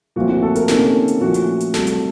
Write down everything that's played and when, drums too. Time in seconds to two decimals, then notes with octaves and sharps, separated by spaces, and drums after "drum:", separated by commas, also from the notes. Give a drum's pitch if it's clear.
0.16 A#2 F3 A3 C4 F#4
0.29 F#4
0.42 A4
0.56 A#4, drum: hi-hat
0.68 C3 D#3 A#3 C#4 A4, drum: snare
1.08 drum: hi-hat
1.21 A#2 F3 A3 C#4 F#4
1.34 drum: hi-hat
1.60 drum: hi-hat
1.74 C2 C3 F#3 A3 A4, drum: snare
1.87 drum: hi-hat